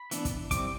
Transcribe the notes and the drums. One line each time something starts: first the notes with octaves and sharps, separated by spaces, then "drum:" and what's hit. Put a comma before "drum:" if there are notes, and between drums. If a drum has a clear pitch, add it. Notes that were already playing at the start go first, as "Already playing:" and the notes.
Already playing: B5
E3 B3 D4, drum: hi-hat
drum: kick, hi-hat
G3 C4 E4 D6, drum: kick, hi-hat